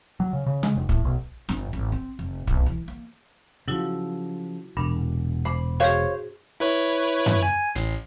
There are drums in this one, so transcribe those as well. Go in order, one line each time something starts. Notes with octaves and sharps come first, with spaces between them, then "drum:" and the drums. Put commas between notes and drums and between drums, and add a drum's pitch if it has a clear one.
F#3
C#3
C#3
G#3, drum: tom C3
F1
A2, drum: kick
B1
G1, drum: snare
G#1
C4
F1
B1, drum: kick
E3
A#3
C#3 F3 F#3 E4 F#4
E1 G2 A#2 D4
C5 B5 D6
F#4 G#4 C5 C#5 F5
E4 B4 C#5
drum: tom F#2
G#5
A1 C7, drum: hi-hat